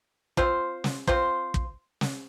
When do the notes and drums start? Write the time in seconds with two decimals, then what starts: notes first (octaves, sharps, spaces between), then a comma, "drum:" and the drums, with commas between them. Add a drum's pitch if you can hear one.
0.37 C4 F4 C5, drum: kick
0.84 drum: snare
1.08 C4 F4 C5, drum: kick
1.54 drum: kick
2.01 drum: snare